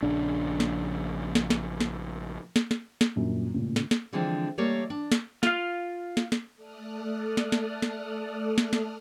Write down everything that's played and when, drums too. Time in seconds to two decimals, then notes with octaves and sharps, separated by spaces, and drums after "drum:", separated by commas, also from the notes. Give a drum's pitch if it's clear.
0.03 A#1 C#3 D4
0.60 drum: snare
1.35 drum: snare
1.50 drum: snare
1.80 drum: snare
2.56 drum: snare
2.71 drum: snare
3.01 drum: snare
3.16 D#1 A#1 F#2 A#2
3.54 A1 A#2 C#3
3.76 drum: snare
3.91 drum: snare
4.13 D3 E3 F3 G#3 C4 D4
4.58 G3 A3 A#3 C#5 D5
4.90 D4
5.12 drum: snare
5.43 F4 F5, drum: snare
6.17 drum: snare
6.32 drum: snare
6.56 A3 A4 D5 D#6 F6 F#6
7.37 drum: snare
7.52 drum: snare
7.82 drum: snare
8.58 drum: snare
8.73 drum: snare